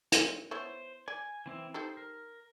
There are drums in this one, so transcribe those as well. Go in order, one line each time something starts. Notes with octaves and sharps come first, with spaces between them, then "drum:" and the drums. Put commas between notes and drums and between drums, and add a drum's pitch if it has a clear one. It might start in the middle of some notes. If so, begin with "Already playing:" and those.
C4 F4 C5, drum: hi-hat
B3 E4 C5 C#5
D5 G#5
E3 C4 E4
D#4 G4 A4 C5
A#4